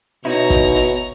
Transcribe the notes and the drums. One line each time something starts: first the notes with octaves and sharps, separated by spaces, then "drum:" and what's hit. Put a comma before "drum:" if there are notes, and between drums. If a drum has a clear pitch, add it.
B2 D#4 E4 C#5 A#5
drum: kick, hi-hat
drum: hi-hat